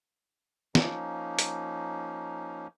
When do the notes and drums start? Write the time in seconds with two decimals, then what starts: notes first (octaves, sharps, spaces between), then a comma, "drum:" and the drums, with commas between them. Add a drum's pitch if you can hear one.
0.75 F3 A#3 C#4 D#4, drum: snare
1.39 drum: hi-hat